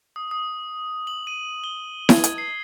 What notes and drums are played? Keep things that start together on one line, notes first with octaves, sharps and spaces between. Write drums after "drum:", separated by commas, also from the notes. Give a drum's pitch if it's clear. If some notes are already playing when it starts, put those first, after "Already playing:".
D#6
D#6
F#7
D#7
G7
G#6, drum: snare E4
drum: hi-hat
C7